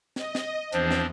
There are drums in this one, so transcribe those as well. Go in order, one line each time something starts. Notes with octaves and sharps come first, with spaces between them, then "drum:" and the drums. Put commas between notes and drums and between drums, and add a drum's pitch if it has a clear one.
D#5, drum: snare
drum: snare
E2 F3 C4 D4 C5, drum: hi-hat
drum: snare